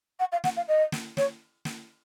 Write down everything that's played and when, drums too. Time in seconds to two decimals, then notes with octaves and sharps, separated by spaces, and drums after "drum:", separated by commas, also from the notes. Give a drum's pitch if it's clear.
0.19 F#5
0.32 F5
0.44 F#5, drum: snare
0.56 F5
0.68 D#5
0.92 drum: snare
1.17 C#5, drum: snare
1.65 drum: snare